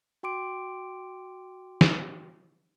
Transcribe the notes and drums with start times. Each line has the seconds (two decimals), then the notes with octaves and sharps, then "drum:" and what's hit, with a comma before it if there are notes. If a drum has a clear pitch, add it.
0.23 F#4 G5 C6 D6 D7
1.81 drum: snare